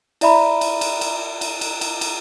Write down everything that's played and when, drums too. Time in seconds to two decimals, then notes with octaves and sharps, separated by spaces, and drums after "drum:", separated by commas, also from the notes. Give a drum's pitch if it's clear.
0.21 E4 D5 E5 A#5 B5, drum: cymbal
0.61 drum: cymbal
0.81 drum: cymbal
1.01 drum: cymbal
1.41 drum: cymbal
1.61 drum: cymbal
1.81 drum: cymbal
2.01 drum: cymbal